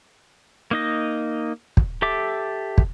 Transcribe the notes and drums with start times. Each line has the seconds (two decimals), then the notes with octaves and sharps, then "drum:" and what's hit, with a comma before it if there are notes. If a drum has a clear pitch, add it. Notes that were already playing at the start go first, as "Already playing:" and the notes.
0.71 A#3 D#4 D#5
1.77 drum: kick
2.02 G4 A4 E5 D6
2.78 drum: kick